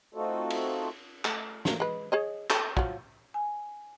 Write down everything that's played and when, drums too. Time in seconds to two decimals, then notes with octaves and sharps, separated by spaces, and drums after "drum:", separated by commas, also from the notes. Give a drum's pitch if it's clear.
0.14 A3 C4 D#4 F4 F#4 A4
0.50 drum: cymbal
1.25 A3, drum: clap
1.65 A3 A#3, drum: snare
1.80 G#3 B4
2.12 G#4 C#5 D#5
2.50 A4, drum: clap
2.77 F3 F#3, drum: kick
3.34 G#5